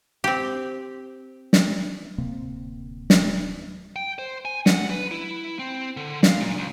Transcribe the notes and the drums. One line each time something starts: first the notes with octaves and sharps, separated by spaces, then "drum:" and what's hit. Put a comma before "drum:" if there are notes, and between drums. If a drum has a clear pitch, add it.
C4 G4
drum: snare
D1 C3 A#3 C4
drum: snare
G5
C5
G#5
F#5, drum: snare
B4
E4
C4
D3
F5, drum: snare
A#2
C#2